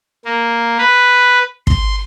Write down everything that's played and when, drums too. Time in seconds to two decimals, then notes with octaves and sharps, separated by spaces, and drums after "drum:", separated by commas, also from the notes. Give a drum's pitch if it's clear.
0.25 A#3
0.78 B4
1.67 C6, drum: kick